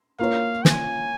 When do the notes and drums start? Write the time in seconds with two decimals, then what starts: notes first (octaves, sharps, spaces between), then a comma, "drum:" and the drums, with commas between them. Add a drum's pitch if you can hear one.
0.19 A#3 F4 A#4 C#5 F5
0.65 G#5, drum: snare